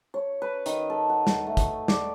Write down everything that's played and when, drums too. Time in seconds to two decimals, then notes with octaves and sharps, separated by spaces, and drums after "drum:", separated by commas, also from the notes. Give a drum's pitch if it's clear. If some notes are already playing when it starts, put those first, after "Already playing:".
0.14 C#5
0.42 B4
0.66 D#3, drum: hi-hat
0.90 A4
1.10 F#5
1.27 drum: snare
1.47 A3
1.57 drum: kick, hi-hat
1.88 D5, drum: snare